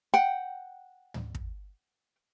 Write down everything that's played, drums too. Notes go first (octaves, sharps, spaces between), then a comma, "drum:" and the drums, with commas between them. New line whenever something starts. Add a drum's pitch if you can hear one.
F#5 G5
drum: tom
drum: kick